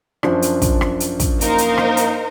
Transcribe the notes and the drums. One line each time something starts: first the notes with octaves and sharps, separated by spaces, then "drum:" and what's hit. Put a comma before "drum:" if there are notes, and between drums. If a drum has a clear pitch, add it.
F#2 F3 D4, drum: rim click
drum: hi-hat
drum: kick, hi-hat
drum: rim click
drum: hi-hat
drum: kick, hi-hat
A#3 D#4 A#4 C5, drum: hi-hat
drum: hi-hat
drum: rim click
drum: hi-hat